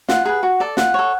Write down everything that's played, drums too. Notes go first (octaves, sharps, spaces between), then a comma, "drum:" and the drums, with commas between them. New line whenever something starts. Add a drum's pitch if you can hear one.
F4 F#5, drum: snare
G#4 B4
F#4
A4 D5
F4 F#5, drum: snare
A4 C#5